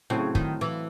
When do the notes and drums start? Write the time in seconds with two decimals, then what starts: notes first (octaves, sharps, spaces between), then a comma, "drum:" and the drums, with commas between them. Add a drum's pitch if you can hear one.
0.10 A2 C#3 F#3 C4
0.35 D#3, drum: kick
0.61 E3